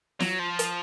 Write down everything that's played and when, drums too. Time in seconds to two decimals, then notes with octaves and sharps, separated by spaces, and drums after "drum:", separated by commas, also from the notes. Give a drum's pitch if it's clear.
0.20 F#3, drum: snare
0.39 F3
0.59 drum: hi-hat